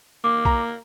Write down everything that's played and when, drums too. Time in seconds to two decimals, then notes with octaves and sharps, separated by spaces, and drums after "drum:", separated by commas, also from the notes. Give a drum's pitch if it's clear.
0.24 A#3 D6
0.45 A#5, drum: kick B1